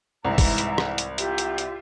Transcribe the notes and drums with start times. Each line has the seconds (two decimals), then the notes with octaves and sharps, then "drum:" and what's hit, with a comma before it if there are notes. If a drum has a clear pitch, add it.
0.25 C2 G#2 E3 E5 A#5
0.38 drum: kick, open hi-hat
0.58 drum: hi-hat
0.78 drum: rim click
0.98 drum: hi-hat
1.18 F4 G4 E5, drum: hi-hat
1.38 drum: hi-hat
1.58 drum: hi-hat